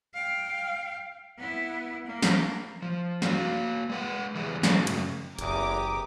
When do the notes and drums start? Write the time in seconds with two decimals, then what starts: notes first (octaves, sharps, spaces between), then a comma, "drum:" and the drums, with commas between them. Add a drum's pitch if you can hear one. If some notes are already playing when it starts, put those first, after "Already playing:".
0.14 F5 G5
1.38 B3 E4
2.06 A#3
2.22 drum: snare
2.82 F3
3.22 A#3 F#4 F5, drum: snare
3.89 G#3 B4 F#5
4.35 E3 G3 B3 G#4
4.63 F3 F#3 G#3 A3, drum: snare
4.87 F#2 C#3, drum: cymbal
5.39 F#1 E2 G4 A#4 D6 D#6, drum: hi-hat